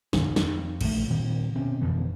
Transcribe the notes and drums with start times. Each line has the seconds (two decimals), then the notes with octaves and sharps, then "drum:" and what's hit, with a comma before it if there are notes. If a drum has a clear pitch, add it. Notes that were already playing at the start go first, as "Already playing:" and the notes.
0.13 F#1 D#2 B2 D#3, drum: snare
0.36 F2, drum: snare
0.81 A#1 D#3 A3, drum: cymbal
1.10 A#2 D#3 C4
1.56 B2 C4 C#4
1.81 F2 B2 D3 E3